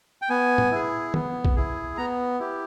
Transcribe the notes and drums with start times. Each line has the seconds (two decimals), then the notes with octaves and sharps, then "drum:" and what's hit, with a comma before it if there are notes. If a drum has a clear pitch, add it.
0.22 G5
0.29 B3 G#5
0.58 drum: tom A2
0.71 E4 G#4
1.14 B3, drum: tom
1.45 drum: kick A#1
1.56 E4 G#4
1.97 B3 A#5
2.40 E4 G4